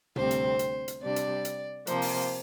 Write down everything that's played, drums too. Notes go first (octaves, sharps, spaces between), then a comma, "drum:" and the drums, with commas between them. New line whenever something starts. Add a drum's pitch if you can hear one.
D2 C3 G3 C4 C5, drum: tom
drum: hi-hat
drum: hi-hat
drum: hi-hat
C3 G3 D4 D5
drum: hi-hat
drum: hi-hat
C3 F3 A#3 C5, drum: hi-hat
drum: open hi-hat